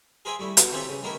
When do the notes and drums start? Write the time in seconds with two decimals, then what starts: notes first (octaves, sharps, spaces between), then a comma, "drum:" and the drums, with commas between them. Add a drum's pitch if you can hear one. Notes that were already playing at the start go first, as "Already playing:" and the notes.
0.25 G#4 A#4 C5 E5 G5 G#5
0.39 G3 A3 E4
0.57 B2, drum: hi-hat
0.72 E3 C4 G4 A4 C#5 E5
0.89 C#3
1.03 D#3 A3 A#3 E4 G4 A#4